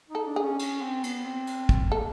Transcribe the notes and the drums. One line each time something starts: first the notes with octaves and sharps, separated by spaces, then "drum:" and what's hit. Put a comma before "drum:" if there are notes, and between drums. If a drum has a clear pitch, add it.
D#4
A4
D4
G#4
C#4
C#4, drum: cymbal
C4
B3, drum: cymbal
C4
drum: cymbal
drum: kick
A#3 A4